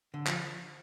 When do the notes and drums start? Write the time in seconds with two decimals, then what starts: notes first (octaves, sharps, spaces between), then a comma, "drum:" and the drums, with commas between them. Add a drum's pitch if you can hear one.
0.14 D3
0.27 F3, drum: clap